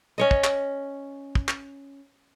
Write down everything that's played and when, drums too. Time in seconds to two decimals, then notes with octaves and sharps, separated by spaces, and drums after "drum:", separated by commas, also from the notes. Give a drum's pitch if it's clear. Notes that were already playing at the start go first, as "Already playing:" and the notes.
0.18 C#4 C#5 D#5
0.31 drum: kick
0.44 drum: clap
1.35 drum: kick
1.48 drum: clap